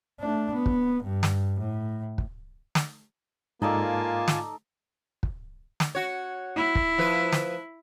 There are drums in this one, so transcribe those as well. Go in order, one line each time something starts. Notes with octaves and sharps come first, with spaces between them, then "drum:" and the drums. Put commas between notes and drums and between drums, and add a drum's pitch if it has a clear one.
A3 D4
B3
drum: kick
G2
drum: snare
A2
drum: kick
drum: snare
G#2 A#3 D#4 F4 A4 D5 G#5 A5
drum: snare
drum: kick
drum: snare
F#4 C#5
E4
drum: kick
F3 B4
drum: snare